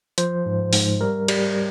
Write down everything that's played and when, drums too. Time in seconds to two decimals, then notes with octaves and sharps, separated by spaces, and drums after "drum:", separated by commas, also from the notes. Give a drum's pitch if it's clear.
0.18 F3 C5, drum: hi-hat
0.46 G#2
0.73 G#2, drum: open hi-hat
1.01 G3 A#4
1.28 G3, drum: cymbal